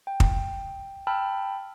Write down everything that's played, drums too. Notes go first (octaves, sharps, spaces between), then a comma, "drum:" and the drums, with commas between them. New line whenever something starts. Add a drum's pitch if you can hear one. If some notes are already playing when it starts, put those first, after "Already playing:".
G5
drum: kick
G5 A5 B5 E6 F6